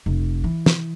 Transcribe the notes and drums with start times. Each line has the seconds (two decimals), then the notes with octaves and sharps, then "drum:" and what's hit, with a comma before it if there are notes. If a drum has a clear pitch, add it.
0.06 F1
0.44 E3
0.66 drum: snare